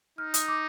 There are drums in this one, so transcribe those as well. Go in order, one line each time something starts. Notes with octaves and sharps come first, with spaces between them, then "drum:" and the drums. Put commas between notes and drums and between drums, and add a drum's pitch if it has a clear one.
D#4 F6
D#6, drum: hi-hat
D6